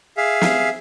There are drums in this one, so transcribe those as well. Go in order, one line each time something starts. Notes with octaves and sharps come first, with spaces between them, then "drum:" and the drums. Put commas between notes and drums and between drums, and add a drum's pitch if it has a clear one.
G#4 E5 F5
drum: snare